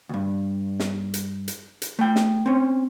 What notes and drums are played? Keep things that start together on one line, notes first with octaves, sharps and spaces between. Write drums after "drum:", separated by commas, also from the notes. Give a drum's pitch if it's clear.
D2 G2
drum: snare
drum: hi-hat
drum: hi-hat
drum: hi-hat
A3 G5
drum: snare
C4 C#4